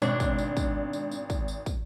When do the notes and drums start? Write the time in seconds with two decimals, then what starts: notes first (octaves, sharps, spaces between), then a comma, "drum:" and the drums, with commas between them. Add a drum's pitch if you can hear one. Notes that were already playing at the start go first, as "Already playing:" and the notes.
0.02 G#1 B2 D4 C#5, drum: tambourine
0.20 drum: kick, tambourine
0.38 drum: tambourine
0.57 drum: kick, tambourine
0.93 drum: tambourine
1.11 drum: tambourine
1.30 drum: kick, tambourine
1.48 drum: tambourine
1.66 drum: kick, tambourine